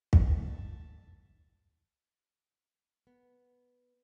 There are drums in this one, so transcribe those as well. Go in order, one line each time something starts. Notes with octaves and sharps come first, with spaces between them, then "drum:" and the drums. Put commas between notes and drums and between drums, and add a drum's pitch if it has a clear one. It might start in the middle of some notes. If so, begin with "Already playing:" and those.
E5 A5, drum: kick
B3